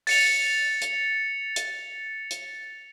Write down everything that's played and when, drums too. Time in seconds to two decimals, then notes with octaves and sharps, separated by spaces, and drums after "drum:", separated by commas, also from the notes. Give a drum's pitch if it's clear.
0.07 A6 C#7 F7, drum: open hi-hat
0.81 drum: hi-hat
1.56 drum: hi-hat
2.31 drum: hi-hat